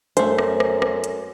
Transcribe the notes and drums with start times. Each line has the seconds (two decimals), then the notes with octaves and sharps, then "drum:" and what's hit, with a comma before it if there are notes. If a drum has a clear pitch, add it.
0.17 F#2 A3 C5, drum: hi-hat
0.38 drum: rim click
0.60 drum: rim click
0.82 drum: rim click
1.04 drum: hi-hat